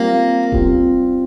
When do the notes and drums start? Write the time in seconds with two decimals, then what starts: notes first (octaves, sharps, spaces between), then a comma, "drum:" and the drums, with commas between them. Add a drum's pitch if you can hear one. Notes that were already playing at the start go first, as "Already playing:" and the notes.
Already playing: G3 A#3 C4 F4
0.52 G3 C4 F4, drum: kick D#1